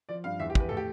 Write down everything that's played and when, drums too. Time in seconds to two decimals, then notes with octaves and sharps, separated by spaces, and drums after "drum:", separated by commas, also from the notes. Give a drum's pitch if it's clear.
0.09 F3 D5
0.24 G2 F5
0.39 E2 E5
0.50 G4
0.55 E2 B4, drum: kick
0.69 A2 A4
0.77 G4